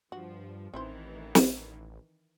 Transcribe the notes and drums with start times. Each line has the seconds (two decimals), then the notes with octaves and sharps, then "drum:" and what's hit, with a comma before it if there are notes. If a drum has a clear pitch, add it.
0.12 G2 F3 F#4
0.74 A1 D#3 E3 C4 E4 C5
1.35 drum: snare